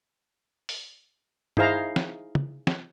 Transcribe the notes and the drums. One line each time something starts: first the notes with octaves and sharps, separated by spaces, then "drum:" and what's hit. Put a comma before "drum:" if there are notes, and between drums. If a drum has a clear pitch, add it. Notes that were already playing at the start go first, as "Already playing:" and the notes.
drum: open hi-hat
D#4 E4 G#4 C5 F5 A#5, drum: tom G2
drum: snare
drum: tom
drum: snare